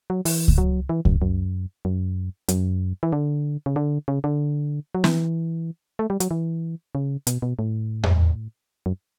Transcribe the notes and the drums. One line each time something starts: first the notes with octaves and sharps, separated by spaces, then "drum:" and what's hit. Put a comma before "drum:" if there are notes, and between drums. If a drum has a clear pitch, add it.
F#3
E3, drum: open hi-hat
drum: kick C#2
F#3
E3
F#2, drum: kick C#2
F#2
F#2
F#2, drum: hi-hat
E3
D3
C#3
D3
C#3
D3
F#3
E3, drum: snare
A3
G3
F#3, drum: hi-hat
E3
C#3
B2, drum: hi-hat
B2
A2
drum: tom E2
F#2